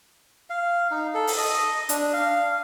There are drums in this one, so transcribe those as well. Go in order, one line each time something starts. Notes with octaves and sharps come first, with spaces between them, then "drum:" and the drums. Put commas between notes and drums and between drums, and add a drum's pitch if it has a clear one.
F5
D#4
A4
drum: open hi-hat
D#5
D4, drum: hi-hat
F5